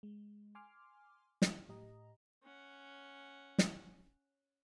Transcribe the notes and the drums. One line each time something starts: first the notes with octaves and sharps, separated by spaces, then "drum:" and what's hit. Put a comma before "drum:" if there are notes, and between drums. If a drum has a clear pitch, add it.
G#3
G#5 C6 D6 F6
drum: snare
A2 G4 D#5 A#5
C#4 F#5
drum: snare